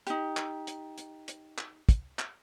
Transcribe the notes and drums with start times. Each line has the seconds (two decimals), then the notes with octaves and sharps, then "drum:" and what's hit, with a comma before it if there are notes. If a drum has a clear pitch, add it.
0.07 D#4 G4, drum: hi-hat
0.37 drum: clap
0.67 drum: hi-hat
0.98 drum: hi-hat
1.28 drum: hi-hat
1.58 drum: clap
1.89 drum: kick, hi-hat
2.19 drum: clap